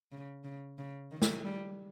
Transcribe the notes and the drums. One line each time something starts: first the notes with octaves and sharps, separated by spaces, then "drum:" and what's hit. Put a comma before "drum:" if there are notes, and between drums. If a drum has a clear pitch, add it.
C#3
C#3
C#3
D#3
drum: snare
G3